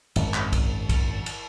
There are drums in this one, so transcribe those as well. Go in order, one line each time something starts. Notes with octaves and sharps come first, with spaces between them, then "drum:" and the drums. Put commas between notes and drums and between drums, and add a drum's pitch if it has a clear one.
G#1 F#2, drum: cymbal
drum: clap
drum: kick, cymbal
drum: kick, cymbal
drum: cymbal